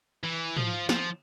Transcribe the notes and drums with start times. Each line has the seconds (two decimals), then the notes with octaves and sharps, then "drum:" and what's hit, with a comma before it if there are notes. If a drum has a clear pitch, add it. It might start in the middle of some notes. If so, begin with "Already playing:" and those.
0.24 E3
0.57 F3, drum: tom
0.89 F3, drum: snare